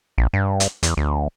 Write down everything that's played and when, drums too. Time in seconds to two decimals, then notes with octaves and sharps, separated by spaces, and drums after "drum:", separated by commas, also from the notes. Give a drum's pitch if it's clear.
0.18 A#1
0.33 G2
0.60 drum: hi-hat
0.83 E2, drum: hi-hat
0.97 D2